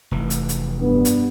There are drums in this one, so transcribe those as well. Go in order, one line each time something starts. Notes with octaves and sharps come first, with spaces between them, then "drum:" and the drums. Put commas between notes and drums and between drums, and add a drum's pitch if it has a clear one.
F1 E3
drum: hi-hat
drum: hi-hat
G2 B3
drum: hi-hat